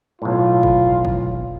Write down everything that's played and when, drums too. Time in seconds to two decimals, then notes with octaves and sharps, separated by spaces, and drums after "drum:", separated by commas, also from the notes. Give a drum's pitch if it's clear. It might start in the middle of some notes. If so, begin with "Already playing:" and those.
0.22 B1 A2 F4
0.63 drum: kick G1
1.05 drum: kick G1